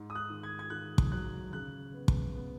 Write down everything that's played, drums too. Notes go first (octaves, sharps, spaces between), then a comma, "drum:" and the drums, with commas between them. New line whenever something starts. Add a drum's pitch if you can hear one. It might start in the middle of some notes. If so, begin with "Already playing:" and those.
Already playing: G#2
D#6
F#6
D#3
G#6
G#6
D#3 F#6
drum: kick
F#3 F#6
C#3 F#6
B3
drum: kick
B3